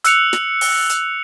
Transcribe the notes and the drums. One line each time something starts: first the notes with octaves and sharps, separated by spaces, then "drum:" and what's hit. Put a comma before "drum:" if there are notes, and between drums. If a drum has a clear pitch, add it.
E6 F#6 C#7 F7, drum: hi-hat
drum: snare
drum: open hi-hat
drum: hi-hat